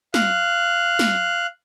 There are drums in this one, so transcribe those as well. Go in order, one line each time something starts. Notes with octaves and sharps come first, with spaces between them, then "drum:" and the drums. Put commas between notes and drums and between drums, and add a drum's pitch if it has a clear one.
F5 F#6, drum: snare
drum: snare